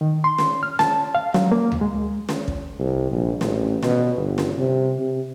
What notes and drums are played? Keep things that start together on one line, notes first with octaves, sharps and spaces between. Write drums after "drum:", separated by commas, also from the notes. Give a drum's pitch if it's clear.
D#3
C6
drum: snare
F6
A5, drum: snare
F5
F#3, drum: snare
A#3
drum: tom D2
G#3
drum: snare
drum: kick
C2
A#1
A1, drum: snare
B2, drum: snare
G1
drum: snare
C3
C3